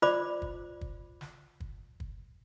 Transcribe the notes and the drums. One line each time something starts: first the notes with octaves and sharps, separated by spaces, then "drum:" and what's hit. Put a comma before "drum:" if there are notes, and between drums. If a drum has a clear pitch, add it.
F4 C5 D5 B5 D6, drum: snare
drum: kick
drum: kick
drum: snare
drum: kick
drum: kick